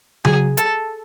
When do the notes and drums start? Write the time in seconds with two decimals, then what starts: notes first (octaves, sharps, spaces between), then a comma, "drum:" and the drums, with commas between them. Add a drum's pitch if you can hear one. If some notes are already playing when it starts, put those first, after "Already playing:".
0.25 F#3 G#4, drum: tom C#3
0.57 A4, drum: hi-hat